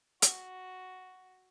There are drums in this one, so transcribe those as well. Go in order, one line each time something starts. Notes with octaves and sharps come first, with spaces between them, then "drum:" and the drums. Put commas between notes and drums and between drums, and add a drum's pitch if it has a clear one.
F#4, drum: hi-hat